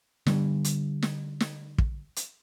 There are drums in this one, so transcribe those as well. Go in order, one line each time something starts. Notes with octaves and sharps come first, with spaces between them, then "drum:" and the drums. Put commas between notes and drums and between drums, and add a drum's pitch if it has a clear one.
D3 G3, drum: snare
drum: hi-hat
drum: snare
drum: snare
drum: kick
drum: hi-hat